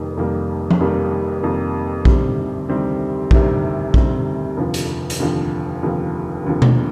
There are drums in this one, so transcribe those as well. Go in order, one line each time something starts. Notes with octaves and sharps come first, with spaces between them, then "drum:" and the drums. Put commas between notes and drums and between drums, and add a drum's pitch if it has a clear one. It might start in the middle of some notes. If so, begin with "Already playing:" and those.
Already playing: F1 F2 D#3 G3 A#3
F1 F2 D#3 G3 A#3
drum: tom F3
F1 F2 D#3 G3 A#3
F1 F2 D#3 G3 A#3
D2 C3 D#3 G3 C4, drum: kick A#1
D2 C3 D#3 G3 C4
D2 C3 D#3 G3 C4, drum: kick A#1
D2 C3 D#3 G3 C4, drum: kick A#1
F1 D#2 D3 F3
drum: hi-hat
drum: hi-hat
F1 D#2 D3 F3
F1 D#2 D3 F3
F1 D#2 D3 F3
drum: tom B2